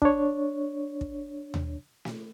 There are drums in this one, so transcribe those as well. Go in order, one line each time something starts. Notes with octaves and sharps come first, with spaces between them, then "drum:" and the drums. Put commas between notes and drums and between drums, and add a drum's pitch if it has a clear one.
D4 C#5, drum: kick
drum: kick
drum: tom D#2
drum: snare